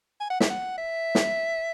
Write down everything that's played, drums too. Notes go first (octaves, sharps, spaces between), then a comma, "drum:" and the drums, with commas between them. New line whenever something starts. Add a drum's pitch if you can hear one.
G#5
F#5
E5, drum: snare
F#5
E5
drum: snare